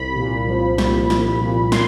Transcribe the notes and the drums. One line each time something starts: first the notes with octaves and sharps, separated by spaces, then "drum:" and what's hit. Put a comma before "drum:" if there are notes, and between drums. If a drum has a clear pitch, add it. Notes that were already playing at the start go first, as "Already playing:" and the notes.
Already playing: C2 B5
A#2
F3
C2, drum: snare
C2, drum: snare
A#2
C6, drum: snare